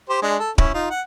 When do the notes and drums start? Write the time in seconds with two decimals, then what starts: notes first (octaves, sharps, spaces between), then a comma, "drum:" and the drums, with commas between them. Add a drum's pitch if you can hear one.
0.09 G4 C5
0.22 G#3 D4
0.39 A4
0.58 C#4 E4, drum: kick D1
0.74 D#4 F4
0.90 F#5